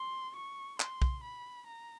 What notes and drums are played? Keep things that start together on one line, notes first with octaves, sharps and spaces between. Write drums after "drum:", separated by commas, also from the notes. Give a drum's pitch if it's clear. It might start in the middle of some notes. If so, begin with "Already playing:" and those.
Already playing: C6
C#6
C6, drum: clap
drum: kick
B5
A#5